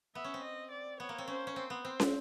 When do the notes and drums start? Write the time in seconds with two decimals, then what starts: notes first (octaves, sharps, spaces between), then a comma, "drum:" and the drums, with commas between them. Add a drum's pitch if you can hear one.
0.15 B3 E5
0.24 C#4
0.34 C4
0.43 D#5
0.71 D5
1.00 B3 C#5
1.09 A#3
1.18 C4
1.28 C#4 C5
1.47 C#4
1.56 C4 C5
1.70 B3
1.84 C4 C5
2.00 drum: snare